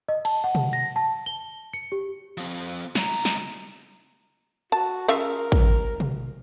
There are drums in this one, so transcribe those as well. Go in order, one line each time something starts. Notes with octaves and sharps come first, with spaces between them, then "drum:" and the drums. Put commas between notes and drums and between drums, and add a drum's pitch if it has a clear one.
D#5
A5, drum: cymbal
F#5
drum: tom B2
A#6
A5
G7
C#7
G4
F3 C4
C#2 A#5, drum: snare
drum: snare
F#4 A5
C#3 F4 A#4 E5
drum: kick A1
drum: tom B2